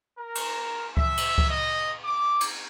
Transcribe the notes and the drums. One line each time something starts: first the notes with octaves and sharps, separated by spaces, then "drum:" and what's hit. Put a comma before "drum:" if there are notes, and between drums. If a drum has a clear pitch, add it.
A#4
drum: cymbal
E5, drum: kick C#2
drum: cymbal
drum: kick C#2
D#5
D6
drum: cymbal